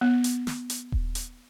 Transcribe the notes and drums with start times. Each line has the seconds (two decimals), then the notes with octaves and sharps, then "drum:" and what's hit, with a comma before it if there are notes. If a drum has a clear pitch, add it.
0.01 B3
0.24 drum: hi-hat
0.47 drum: snare
0.70 drum: hi-hat
0.92 drum: kick D#1
1.15 drum: hi-hat